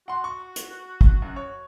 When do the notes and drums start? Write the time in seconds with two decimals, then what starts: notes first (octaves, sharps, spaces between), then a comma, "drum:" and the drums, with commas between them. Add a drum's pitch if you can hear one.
0.08 F#4 F#5 C6
0.24 C#6
0.56 drum: hi-hat
1.01 drum: kick
1.22 F#2
1.36 C#5